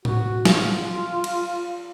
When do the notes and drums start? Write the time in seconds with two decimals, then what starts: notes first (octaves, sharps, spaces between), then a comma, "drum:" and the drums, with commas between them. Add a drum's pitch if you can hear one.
0.05 F#4, drum: tom A2
0.45 F4, drum: snare
1.24 drum: cymbal